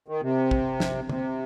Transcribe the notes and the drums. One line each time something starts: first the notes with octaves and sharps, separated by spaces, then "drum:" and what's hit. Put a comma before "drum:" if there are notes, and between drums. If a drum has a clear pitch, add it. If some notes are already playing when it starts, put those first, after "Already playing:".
D#3
C3
drum: kick
drum: snare
C3, drum: tom